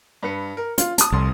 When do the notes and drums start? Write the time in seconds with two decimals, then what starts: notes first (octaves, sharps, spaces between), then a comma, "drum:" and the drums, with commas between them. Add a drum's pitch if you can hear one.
0.23 G2 B4 C#7
0.57 A#4
0.78 F4, drum: hi-hat
0.98 A5 D#6, drum: hi-hat
1.12 F1 C2 C6